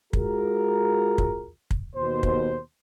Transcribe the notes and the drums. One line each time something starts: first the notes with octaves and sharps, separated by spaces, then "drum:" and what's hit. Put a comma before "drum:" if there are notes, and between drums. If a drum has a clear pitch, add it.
G#3 F4 F#4 G#4 A#4, drum: kick
drum: kick
drum: kick
D#2 B2 C5
drum: kick